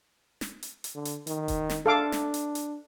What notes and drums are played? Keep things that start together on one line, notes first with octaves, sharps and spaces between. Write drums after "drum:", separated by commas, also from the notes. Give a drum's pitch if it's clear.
drum: snare
drum: hi-hat
drum: hi-hat
D3
drum: hi-hat
D#3, drum: hi-hat
drum: kick E1, hi-hat
drum: snare
D4 A4 F5 D6
drum: snare
drum: hi-hat
drum: hi-hat